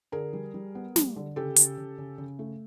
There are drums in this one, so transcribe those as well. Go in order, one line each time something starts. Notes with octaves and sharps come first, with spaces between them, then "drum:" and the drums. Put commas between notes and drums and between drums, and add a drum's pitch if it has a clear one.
D3 G#4 A#4
G3
G3
B3
G3, drum: snare
D3
C#3 G4 A4
C#3, drum: hi-hat
C#3
C#3
C#3
A3